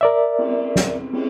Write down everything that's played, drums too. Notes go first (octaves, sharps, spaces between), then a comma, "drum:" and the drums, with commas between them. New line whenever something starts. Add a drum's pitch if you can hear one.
A#4 D5 E5
drum: cymbal
drum: snare
drum: cymbal